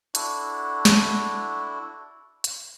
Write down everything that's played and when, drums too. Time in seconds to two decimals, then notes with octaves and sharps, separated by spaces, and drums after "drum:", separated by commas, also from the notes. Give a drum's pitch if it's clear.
0.15 D4 E4 F#4 A4, drum: hi-hat
0.85 drum: snare
2.44 drum: hi-hat